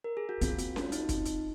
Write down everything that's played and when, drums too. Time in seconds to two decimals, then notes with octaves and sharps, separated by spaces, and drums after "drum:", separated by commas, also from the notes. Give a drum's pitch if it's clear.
0.04 A#4
0.17 G#4
0.29 F#4
0.41 C4 F4, drum: hi-hat
0.59 F#4, drum: hi-hat
0.76 F4, drum: snare C#4
0.92 D#4, drum: hi-hat
1.09 drum: kick, hi-hat
1.25 drum: hi-hat